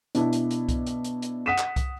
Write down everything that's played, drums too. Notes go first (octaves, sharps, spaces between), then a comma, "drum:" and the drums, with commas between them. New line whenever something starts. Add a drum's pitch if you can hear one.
B2 D4 E4, drum: hi-hat
drum: hi-hat
drum: hi-hat
drum: kick C2, hi-hat
drum: hi-hat
drum: hi-hat
drum: hi-hat
F#5 D#6 B6 D#7 E7
drum: clap
drum: kick C2, hi-hat